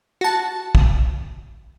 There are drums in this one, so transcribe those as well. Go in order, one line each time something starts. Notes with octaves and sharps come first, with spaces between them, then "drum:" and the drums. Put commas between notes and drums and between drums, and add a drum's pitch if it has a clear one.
F#4 A5
drum: kick